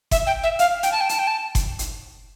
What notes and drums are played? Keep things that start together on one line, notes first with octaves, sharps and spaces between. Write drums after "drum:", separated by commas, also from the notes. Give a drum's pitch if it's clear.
E5, drum: kick F#1, hi-hat
G5
E5
F5, drum: hi-hat
G5, drum: hi-hat
A5
G5
A5, drum: hi-hat
G5
A5
drum: kick F#1, hi-hat
drum: hi-hat